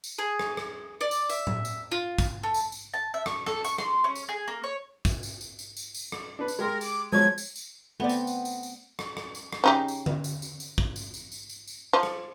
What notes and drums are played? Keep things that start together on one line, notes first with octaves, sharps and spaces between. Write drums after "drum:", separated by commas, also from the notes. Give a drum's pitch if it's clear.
drum: tambourine
G#4
drum: rim click
drum: rim click
D5
drum: tambourine
E5, drum: tambourine
drum: tom A2
drum: tambourine
F4
drum: kick, tambourine
A3
drum: tambourine
drum: tambourine
A5
E5
C#6, drum: rim click
A4, drum: rim click
C#6, drum: tambourine
C6, drum: rim click
C#4
drum: tambourine
G#4
A#3
C#5
drum: kick, tambourine
drum: tambourine
drum: tambourine
drum: tambourine
drum: tambourine
drum: tambourine
drum: rim click
D4 B4
drum: tambourine
G#3 G4 A#4 C6
D6, drum: tambourine
F3 F#3 G#3 B3 C#5 G#6
drum: tambourine
drum: tambourine
A3 B3 C4 D5
drum: tambourine
drum: tambourine
drum: tambourine
drum: tambourine
drum: rim click
drum: rim click
drum: tambourine
drum: rim click
C#3 D#4 G4
drum: tambourine
drum: tom D3
drum: tambourine
drum: tambourine
drum: tambourine
drum: kick
drum: tambourine
drum: tambourine
drum: tambourine
drum: tambourine
drum: tambourine
F3
drum: rim click